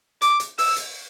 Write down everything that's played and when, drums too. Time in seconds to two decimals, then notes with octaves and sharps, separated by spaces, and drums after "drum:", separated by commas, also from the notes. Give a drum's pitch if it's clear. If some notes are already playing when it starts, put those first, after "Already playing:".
0.22 D6, drum: hi-hat
0.40 drum: hi-hat
0.58 E6, drum: open hi-hat
0.76 drum: hi-hat